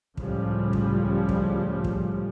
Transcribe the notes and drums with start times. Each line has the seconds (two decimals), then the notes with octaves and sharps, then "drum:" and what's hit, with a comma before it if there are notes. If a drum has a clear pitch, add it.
0.17 C#2 A2 C#3 F3 G3, drum: kick
0.73 drum: kick
1.29 drum: kick
1.84 drum: kick